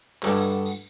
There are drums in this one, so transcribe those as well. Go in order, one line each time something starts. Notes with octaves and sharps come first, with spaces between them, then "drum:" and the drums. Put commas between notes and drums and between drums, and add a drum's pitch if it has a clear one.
G2 D3 F#4 D#5 D6 D#6, drum: clap
drum: tambourine
drum: tambourine